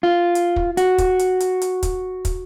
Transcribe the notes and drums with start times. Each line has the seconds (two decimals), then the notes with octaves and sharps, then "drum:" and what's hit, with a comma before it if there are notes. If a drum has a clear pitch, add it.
0.03 F4
0.35 drum: hi-hat
0.56 drum: kick
0.77 F#4, drum: hi-hat
0.98 drum: kick, hi-hat
1.19 drum: hi-hat
1.40 drum: hi-hat
1.62 drum: hi-hat
1.83 drum: kick, hi-hat
2.25 drum: kick, hi-hat